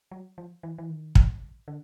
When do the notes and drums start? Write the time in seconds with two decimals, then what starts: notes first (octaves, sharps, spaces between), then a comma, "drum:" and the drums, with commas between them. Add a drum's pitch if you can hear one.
0.11 F#3
0.38 F3
0.63 E3
0.78 E3
0.90 D#3
1.15 drum: kick
1.68 D3